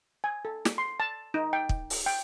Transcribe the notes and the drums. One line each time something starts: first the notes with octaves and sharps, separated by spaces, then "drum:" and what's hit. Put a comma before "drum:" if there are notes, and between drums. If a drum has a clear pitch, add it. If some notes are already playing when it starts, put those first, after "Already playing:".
G#5
A4
drum: snare
C6
A5
D#4
G5
drum: kick
drum: open hi-hat
G5